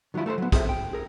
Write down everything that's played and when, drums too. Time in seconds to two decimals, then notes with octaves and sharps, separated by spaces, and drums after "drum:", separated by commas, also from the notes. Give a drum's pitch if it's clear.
0.14 D#3 F#3 G3 E4 F4
0.26 A3 A4 A#4 C5
0.38 F#3 B3
0.52 C4 G#4 A4 C5 C#5 E5, drum: kick, hi-hat
0.69 G5
0.93 G#4 A#4